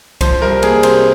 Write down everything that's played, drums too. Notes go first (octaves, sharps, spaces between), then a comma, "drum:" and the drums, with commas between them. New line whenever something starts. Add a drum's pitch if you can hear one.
F3 C5, drum: kick C2, cymbal
C2 A#4
A#3 G#4, drum: cymbal
C3 C5, drum: cymbal